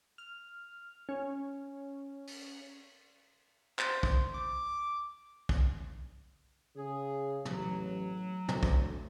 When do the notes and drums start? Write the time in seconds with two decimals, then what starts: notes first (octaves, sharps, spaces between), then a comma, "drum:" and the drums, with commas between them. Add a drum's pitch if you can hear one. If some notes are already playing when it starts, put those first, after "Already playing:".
0.18 F6
1.09 C#4
2.27 drum: open hi-hat
3.79 C5, drum: clap
4.03 drum: kick
4.35 D6
5.49 drum: kick
6.76 C#3 G#4
7.45 A1 F#3, drum: tom
8.48 D2, drum: tom
8.63 drum: kick